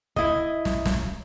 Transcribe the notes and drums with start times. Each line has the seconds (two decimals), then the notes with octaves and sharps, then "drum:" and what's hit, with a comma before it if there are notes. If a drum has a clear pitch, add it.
0.16 E4 D#5, drum: kick
0.65 drum: snare
0.86 drum: snare